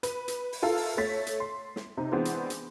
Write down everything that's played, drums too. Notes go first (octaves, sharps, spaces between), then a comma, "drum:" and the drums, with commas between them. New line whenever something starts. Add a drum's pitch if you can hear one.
B4, drum: hi-hat
drum: hi-hat
drum: open hi-hat
E4 F4 A4 A#4 F5
drum: open hi-hat
A3 C#5 A6 B6
drum: hi-hat
C6
drum: snare
C3 D#4
E3 G#3 B3 C4 D4
drum: hi-hat
drum: hi-hat